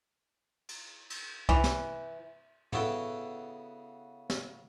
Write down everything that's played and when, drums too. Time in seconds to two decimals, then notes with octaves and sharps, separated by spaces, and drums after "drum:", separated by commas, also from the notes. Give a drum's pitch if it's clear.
0.69 drum: cymbal
1.10 drum: cymbal
1.49 E3, drum: kick C2
1.64 drum: snare
2.73 C#3 B3 E4 F#4 A4 G5, drum: tom
4.30 drum: snare